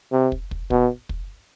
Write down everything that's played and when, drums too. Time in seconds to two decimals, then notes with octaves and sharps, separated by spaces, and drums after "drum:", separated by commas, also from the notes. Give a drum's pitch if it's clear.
0.12 C3
0.32 drum: kick
0.51 drum: kick
0.70 B2, drum: kick
1.09 drum: kick